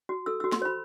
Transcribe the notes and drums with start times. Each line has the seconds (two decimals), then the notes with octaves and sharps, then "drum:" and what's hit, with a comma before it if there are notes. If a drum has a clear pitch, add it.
0.09 F#4
0.26 A4 E6
0.40 F#4 E6
0.52 C6, drum: snare
0.62 C5 B5